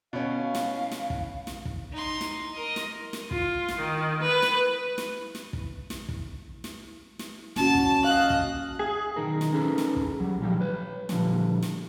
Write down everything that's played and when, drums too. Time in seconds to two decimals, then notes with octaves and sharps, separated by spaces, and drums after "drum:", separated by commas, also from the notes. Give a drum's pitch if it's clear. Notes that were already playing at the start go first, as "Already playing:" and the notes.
0.13 B2 C#4 F5
0.55 drum: snare
0.92 drum: snare
1.10 drum: kick
1.47 drum: snare
1.65 drum: kick
1.92 D#4 C6
2.21 drum: snare
2.53 A#4 D#5
2.76 drum: snare
3.13 drum: snare
3.31 F4, drum: kick
3.68 drum: snare
3.78 D#3
4.22 B4
4.42 drum: snare
4.98 drum: snare
5.35 drum: snare
5.53 drum: kick
5.90 drum: snare
6.09 drum: kick
6.64 drum: snare
7.19 drum: snare
7.56 A#3 C#4 F#4 A5, drum: snare
7.75 drum: kick
8.04 D#5 F5 F#6
8.30 drum: kick
8.79 G#4
9.16 B1 E2 D#3 D#4 A#4
9.41 drum: snare
9.52 B3 C#4 D#4 G#4 A4 B4
9.78 drum: snare
9.96 drum: kick
10.20 F#3 G3
10.40 A#2 D#3 F3 G3 G4
10.61 B4 C#5
11.09 A#2 D3 F3 G3 G#3, drum: snare
11.62 drum: snare